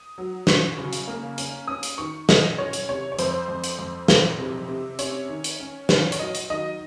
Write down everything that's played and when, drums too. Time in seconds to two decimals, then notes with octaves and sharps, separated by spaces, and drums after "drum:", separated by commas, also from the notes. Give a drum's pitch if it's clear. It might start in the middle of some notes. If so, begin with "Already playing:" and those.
Already playing: D#6
0.18 F#3
0.47 F#3 C#6, drum: snare
0.78 C#3
0.93 drum: hi-hat
1.08 A#3
1.38 C#4, drum: hi-hat
1.68 C#4 D#6
1.83 drum: hi-hat
1.98 D#3 C#6
2.29 C#4 D#5, drum: snare
2.58 C#4 C#5
2.73 drum: hi-hat
2.89 C3 C#5
3.12 C#5
3.19 F2 C5, drum: hi-hat
3.48 F2
3.64 drum: hi-hat
3.79 F2
4.08 F2, drum: snare
4.38 C3
4.68 C3
4.99 C#4 C#5, drum: hi-hat
5.29 D#3
5.44 drum: hi-hat
5.60 C#4
5.89 D#3 C#5, drum: snare
6.12 C#5, drum: hi-hat
6.19 F#3 D#5
6.35 drum: hi-hat
6.50 D#3 D#5